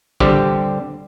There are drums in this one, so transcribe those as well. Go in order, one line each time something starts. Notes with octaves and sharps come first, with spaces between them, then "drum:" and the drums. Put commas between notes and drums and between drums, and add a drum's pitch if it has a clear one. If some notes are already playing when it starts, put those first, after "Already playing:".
D3 G3 C4 G4, drum: kick